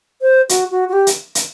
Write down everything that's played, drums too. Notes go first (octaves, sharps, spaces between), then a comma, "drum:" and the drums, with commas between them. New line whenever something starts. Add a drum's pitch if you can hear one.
C5
F#4, drum: hi-hat
F#4
F#4
G4
drum: hi-hat
drum: hi-hat